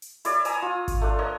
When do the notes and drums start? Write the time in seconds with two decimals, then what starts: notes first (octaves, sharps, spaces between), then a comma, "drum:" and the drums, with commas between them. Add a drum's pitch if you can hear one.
0.02 drum: hi-hat
0.25 E4 C#5 D5, drum: hi-hat
0.45 G#5 A#5 D#6 E6, drum: hi-hat
0.62 F4
0.88 drum: kick G#1, hi-hat
1.02 A3 D4
1.19 A#4 C#5 D#5